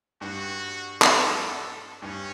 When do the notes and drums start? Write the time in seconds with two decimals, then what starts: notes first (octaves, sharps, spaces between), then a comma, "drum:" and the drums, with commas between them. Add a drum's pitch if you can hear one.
0.21 G2 F#4
1.02 drum: clap
1.12 A4
2.02 G2 C#4